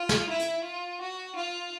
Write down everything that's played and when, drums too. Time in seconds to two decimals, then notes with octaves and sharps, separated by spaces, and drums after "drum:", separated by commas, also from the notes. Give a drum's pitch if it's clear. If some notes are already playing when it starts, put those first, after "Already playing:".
Already playing: F4
0.09 drum: snare
0.28 E4
0.39 drum: hi-hat
0.64 F4
1.00 F#4
1.35 F4